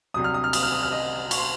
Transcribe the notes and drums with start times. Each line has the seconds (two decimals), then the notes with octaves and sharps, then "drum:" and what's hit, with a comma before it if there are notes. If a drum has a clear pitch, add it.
0.14 C2 C3 F#3 D#6
0.24 F6
0.34 D#6
0.44 F6
0.53 D#6, drum: cymbal
0.63 F6
0.72 D#6
0.83 F6
0.92 D#5 D#6
1.31 C#6, drum: cymbal
1.38 C6